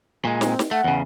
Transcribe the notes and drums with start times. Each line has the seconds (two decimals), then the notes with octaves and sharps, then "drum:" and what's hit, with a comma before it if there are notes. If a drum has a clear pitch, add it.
0.25 A#2 G#3
0.41 C4, drum: snare
0.59 drum: snare
0.71 A3 F#5
0.84 E2 C#3